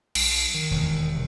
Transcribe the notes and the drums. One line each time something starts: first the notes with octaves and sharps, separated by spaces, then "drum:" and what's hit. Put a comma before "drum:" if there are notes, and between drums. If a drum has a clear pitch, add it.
B1, drum: cymbal
D#3
E1 D#2
C3